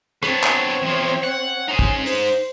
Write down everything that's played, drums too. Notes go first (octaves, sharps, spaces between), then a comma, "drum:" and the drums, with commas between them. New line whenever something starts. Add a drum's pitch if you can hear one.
B3 C4 D4 C#5, drum: rim click
drum: clap
E2 F3
F#5
C#4 D#4 G#4
drum: kick
C5, drum: open hi-hat